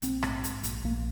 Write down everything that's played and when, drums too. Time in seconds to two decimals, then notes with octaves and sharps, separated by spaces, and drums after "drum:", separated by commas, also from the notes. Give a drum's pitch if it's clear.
0.02 A#1 C4, drum: hi-hat
0.23 G#2, drum: rim click
0.44 G#2, drum: hi-hat
0.63 A#1, drum: hi-hat
0.84 A#1 A#3